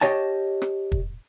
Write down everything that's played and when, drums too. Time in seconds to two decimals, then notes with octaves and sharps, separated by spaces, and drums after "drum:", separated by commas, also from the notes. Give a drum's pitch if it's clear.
0.01 G4 C#5 D#5 A5
0.62 drum: rim click
0.92 drum: kick